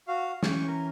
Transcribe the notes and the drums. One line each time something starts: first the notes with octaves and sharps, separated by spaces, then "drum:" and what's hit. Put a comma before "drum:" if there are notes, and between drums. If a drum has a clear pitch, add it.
F#4 F5
E3 C#4 G5 C#6, drum: snare
A#4